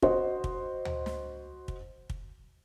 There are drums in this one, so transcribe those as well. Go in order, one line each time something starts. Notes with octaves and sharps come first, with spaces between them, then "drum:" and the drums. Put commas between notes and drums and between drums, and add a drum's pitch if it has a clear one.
F#4 C5 D#5, drum: kick
drum: kick
drum: tom D2
drum: snare
drum: kick
drum: kick